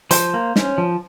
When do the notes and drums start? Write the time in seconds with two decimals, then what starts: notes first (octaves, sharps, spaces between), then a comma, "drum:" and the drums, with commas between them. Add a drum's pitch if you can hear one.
0.11 F3 C5 C6, drum: hi-hat
0.34 A#3
0.56 C#4, drum: snare
0.78 F3